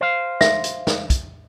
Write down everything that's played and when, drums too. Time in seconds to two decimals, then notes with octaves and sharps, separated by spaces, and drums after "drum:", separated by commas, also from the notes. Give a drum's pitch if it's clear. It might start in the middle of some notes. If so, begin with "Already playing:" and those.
0.01 C5 F5
0.41 E5, drum: snare
0.64 drum: hi-hat
0.87 drum: snare
1.10 drum: kick, hi-hat